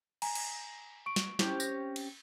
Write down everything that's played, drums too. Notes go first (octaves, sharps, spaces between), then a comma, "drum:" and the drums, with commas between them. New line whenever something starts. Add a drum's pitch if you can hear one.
G#5 A#5, drum: cymbal
drum: cymbal
C#6 D7
drum: snare
C4 C#4 E4 G4, drum: snare
A#6, drum: tambourine
drum: cymbal